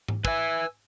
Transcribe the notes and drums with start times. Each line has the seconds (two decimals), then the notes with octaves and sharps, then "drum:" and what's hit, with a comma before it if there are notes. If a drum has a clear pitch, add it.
0.08 drum: tom G#2
0.25 B4 E5 G#5 E6, drum: kick